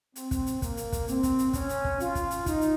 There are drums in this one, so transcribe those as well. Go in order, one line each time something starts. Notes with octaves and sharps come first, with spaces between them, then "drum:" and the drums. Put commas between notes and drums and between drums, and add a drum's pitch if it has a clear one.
C4, drum: hi-hat
drum: kick, hi-hat
drum: hi-hat
A#3, drum: kick, hi-hat
drum: hi-hat
drum: kick, hi-hat
C4, drum: hi-hat
drum: kick, hi-hat
drum: hi-hat
C#4, drum: kick, hi-hat
drum: hi-hat
drum: kick
F4, drum: hi-hat
drum: kick, hi-hat
drum: hi-hat
D#4, drum: kick, hi-hat
drum: hi-hat